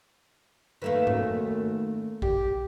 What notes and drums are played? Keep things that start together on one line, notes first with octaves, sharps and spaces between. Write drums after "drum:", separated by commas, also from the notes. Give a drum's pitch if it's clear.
D#3 A3 A#3 B4
F#2, drum: tom G#2
G4, drum: kick A#1